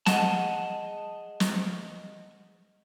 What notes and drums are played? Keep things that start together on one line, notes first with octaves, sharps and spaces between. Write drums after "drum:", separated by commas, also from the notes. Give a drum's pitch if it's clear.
G#4 D#5 F#5 A5, drum: snare
drum: snare